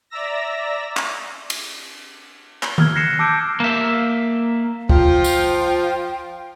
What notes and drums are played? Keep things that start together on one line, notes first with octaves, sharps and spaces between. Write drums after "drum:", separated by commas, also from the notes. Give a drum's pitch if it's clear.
D5 E5 A#5 E6 A#6
drum: clap
drum: cymbal
G7, drum: clap
E6 F6 G#6, drum: tom D#3
F6 F#6 A#6 C7 C#7 E7
A5 D6 E6 G6 D7
A#3 E5
F3 F4 G5, drum: kick
drum: tambourine